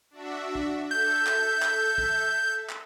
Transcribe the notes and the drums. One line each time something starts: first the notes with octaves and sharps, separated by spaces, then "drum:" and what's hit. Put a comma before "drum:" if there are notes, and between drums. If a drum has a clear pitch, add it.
D4 F#4 E5
drum: kick
A4 E5 G6
drum: clap
drum: clap
drum: kick
drum: clap